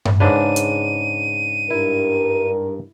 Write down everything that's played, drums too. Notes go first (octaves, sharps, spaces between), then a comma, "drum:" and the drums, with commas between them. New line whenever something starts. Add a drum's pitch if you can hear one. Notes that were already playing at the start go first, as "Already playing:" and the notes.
drum: tom G2
G#2 C#3 D4 B4 D#7
drum: hi-hat
G2 E4 A#4